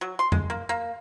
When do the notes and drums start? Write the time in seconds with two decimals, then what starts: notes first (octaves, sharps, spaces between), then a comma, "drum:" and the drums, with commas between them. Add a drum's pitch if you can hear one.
0.01 F#3
0.19 C6
0.32 G#3, drum: tom F2
0.50 A#3
0.69 A#3